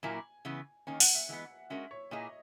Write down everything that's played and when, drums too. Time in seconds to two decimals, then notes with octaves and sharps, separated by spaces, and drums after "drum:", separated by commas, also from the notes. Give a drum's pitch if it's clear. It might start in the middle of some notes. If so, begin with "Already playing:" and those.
0.03 A#2 F#3 A#3 E4 A#4 G#5
0.45 C#3 E3 B3
0.87 D#3 A#3 C#4 G#5
1.00 F#5, drum: open hi-hat
1.15 E5
1.29 E3 G#3 B3
1.70 G#3 C#4 F#4 A#4 E5
1.91 C#5
2.11 A#2 A#3 E4 G#4 D#5